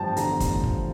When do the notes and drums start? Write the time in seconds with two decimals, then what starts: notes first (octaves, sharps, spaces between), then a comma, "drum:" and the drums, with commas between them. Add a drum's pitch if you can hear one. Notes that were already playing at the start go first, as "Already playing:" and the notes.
Already playing: A1 G2 F3 G5 A5
0.17 D3 A#5, drum: hi-hat
0.40 A1, drum: kick, hi-hat
0.64 F3, drum: kick